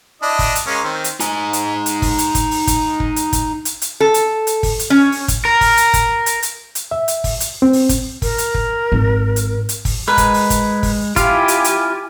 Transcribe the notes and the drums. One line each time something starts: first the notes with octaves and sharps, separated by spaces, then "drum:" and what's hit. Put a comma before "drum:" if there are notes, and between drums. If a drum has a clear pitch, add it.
D4 E4 D#5
drum: kick, open hi-hat
drum: hi-hat
G#3 A#3 C#4
D#3 C4
drum: hi-hat
D#4 G#5, drum: hi-hat
drum: hi-hat
drum: hi-hat
drum: kick, open hi-hat
drum: hi-hat
drum: kick, hi-hat
drum: open hi-hat
drum: kick, hi-hat
drum: kick
drum: hi-hat
drum: kick, hi-hat
drum: hi-hat
drum: hi-hat
A4
drum: hi-hat
drum: hi-hat
drum: kick, open hi-hat
drum: hi-hat
C#4
drum: open hi-hat
drum: kick, hi-hat
A#4
drum: kick, open hi-hat
drum: hi-hat
drum: kick, hi-hat
drum: hi-hat
drum: hi-hat
drum: hi-hat
E5
drum: hi-hat
drum: kick, open hi-hat
drum: hi-hat
C4
drum: open hi-hat
drum: kick, hi-hat
A#4, drum: kick, open hi-hat
drum: hi-hat
drum: kick
G#1
drum: hi-hat
drum: hi-hat
drum: kick, open hi-hat
G#3 A#4 B4
drum: kick, hi-hat
drum: open hi-hat
drum: kick, hi-hat
drum: kick, open hi-hat
E4 F4 G4 F5 G#5, drum: kick, hi-hat
drum: hi-hat
drum: hi-hat